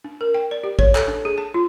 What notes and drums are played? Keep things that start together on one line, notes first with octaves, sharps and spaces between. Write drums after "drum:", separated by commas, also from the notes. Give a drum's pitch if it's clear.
D4
A#4
G5
D5
G4
C#5, drum: kick
A4, drum: clap
D4
G#4
A5
F4